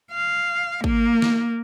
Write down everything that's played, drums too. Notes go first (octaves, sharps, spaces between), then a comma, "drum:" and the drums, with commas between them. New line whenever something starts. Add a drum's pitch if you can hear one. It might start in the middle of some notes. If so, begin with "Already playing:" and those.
F5
A#3, drum: kick
drum: snare